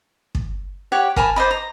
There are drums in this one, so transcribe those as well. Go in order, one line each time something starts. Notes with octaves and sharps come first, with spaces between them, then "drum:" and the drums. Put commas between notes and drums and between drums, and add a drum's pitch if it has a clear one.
drum: kick
G4 C#5 F#5
A#4 G#5 A5 B5, drum: kick
C5 D5 D#5 B5
A#5